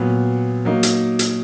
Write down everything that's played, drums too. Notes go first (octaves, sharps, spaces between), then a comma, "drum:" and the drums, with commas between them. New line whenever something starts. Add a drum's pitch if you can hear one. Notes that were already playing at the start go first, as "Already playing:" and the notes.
Already playing: A#2 F#3 B3
F#3 A#3 D#4
drum: hi-hat
drum: hi-hat